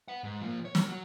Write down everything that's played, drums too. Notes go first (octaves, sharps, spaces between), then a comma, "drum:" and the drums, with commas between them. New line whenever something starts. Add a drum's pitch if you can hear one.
B4 F#5
G#2
F3 A#3
C#5
drum: snare
F#3 F#4